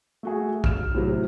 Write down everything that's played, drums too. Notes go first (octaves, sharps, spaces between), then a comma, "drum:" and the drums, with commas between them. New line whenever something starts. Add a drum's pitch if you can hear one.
A3 F#4 G#4
F6 E7, drum: kick A#1
A2 C3 F#3